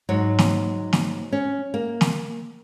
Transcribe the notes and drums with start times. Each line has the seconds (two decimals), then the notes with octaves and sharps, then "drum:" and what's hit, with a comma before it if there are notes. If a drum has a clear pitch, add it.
0.09 G#2 F#3 C#5
0.39 drum: snare
0.93 drum: snare
1.33 C#4
1.74 A#3
2.01 drum: snare